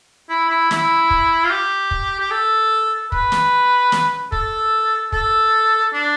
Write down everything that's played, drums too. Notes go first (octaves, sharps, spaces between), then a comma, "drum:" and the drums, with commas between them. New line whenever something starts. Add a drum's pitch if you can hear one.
E4
E4
E4, drum: snare
drum: kick
F4
G4
drum: kick
G4
A4
B4, drum: kick
drum: snare
drum: snare
A4, drum: kick
A4, drum: kick
D4